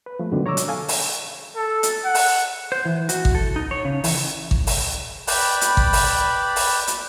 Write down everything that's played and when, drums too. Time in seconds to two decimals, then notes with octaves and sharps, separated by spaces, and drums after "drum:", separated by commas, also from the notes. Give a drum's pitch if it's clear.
0.06 B4
0.19 F3 A3
0.31 F#2 B2 D3 D#3 G3
0.46 C#5 A#5 C#6 D6 E6
0.57 drum: hi-hat
0.68 A4 F5 G#5
0.88 drum: open hi-hat
1.56 A4
1.83 drum: hi-hat
2.05 F#5
2.15 drum: open hi-hat
2.72 C5
2.85 E3
3.09 F#4, drum: hi-hat
3.25 drum: kick G#1
3.35 A4
3.56 D#4
3.71 C#5
3.85 C#3
4.04 E3, drum: open hi-hat
4.51 drum: kick G#1
4.67 drum: open hi-hat
5.27 B4 D5 G5 B5, drum: open hi-hat
5.61 drum: hi-hat
5.77 drum: kick G#1
5.93 drum: open hi-hat
6.56 drum: open hi-hat
6.87 drum: hi-hat